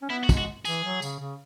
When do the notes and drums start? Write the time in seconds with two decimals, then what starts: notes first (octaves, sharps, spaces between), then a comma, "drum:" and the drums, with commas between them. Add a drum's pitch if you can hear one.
0.02 C#4
0.10 B3 E4
0.24 F#4
0.29 G#3, drum: kick, tambourine
0.37 F#4
0.65 E3 G#4, drum: tambourine
0.84 F#3
1.02 C#3, drum: tambourine
1.20 C#3